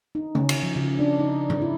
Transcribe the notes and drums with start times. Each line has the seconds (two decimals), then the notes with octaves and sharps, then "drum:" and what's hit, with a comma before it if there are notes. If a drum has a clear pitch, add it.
0.15 D#4
0.35 C#4, drum: tom C#3
0.49 drum: cymbal
0.63 F3
0.76 C#3
0.99 D4
1.20 D#4
1.50 drum: tom G#2
1.62 E4